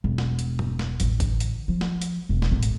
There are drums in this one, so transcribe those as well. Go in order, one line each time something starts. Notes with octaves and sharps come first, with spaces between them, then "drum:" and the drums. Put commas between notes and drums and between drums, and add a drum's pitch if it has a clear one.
E1
drum: snare
drum: hi-hat
drum: tom G2
drum: snare
A1 D3, drum: hi-hat
drum: kick, hi-hat
drum: hi-hat
F3
drum: snare
drum: hi-hat
E1
drum: snare
A1 G#2
drum: hi-hat